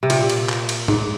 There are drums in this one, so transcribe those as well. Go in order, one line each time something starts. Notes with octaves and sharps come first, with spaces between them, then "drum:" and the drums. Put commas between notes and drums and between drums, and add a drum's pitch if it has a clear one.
C3
A#2, drum: cymbal
drum: cymbal
drum: clap
drum: cymbal
G#2, drum: tom A2